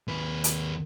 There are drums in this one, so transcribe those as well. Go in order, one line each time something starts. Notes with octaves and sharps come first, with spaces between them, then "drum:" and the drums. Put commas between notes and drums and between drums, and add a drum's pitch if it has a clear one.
D#2 B4
drum: hi-hat